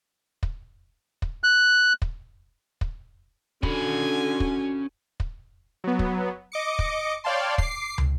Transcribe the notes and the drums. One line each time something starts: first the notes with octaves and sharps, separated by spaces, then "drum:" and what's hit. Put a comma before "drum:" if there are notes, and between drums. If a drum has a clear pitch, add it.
drum: kick
drum: kick
F#6
drum: kick
drum: kick
D3 C#4 F#4 G#5 B5, drum: kick
drum: kick
drum: kick
F#3 B3
drum: kick
D#5 D6 C#7
drum: kick
C#5 D5 F5 G5 A5 C6
D6 C7, drum: kick
drum: tom